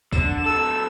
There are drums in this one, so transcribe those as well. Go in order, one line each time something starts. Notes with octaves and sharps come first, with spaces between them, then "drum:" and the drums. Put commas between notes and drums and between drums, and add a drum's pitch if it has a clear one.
D3 E7, drum: kick, tambourine
F#3 A4 E6